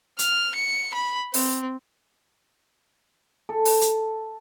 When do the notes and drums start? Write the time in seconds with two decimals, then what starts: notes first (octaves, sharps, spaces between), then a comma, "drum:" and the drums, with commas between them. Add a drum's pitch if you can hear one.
0.19 F6, drum: hi-hat
0.55 C#7
0.94 B5
1.34 C4, drum: open hi-hat
3.49 A4
3.65 drum: open hi-hat
3.81 drum: hi-hat